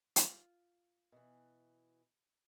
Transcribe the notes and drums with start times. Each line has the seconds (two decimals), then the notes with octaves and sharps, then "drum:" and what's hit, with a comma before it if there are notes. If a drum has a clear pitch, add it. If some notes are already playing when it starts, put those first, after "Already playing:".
0.16 F4, drum: hi-hat
1.12 B2 E3